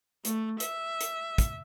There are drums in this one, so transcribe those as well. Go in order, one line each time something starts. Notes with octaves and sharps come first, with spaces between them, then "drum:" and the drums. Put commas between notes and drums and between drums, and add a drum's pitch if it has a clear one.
A3, drum: hi-hat
E5, drum: hi-hat
drum: hi-hat
drum: kick, hi-hat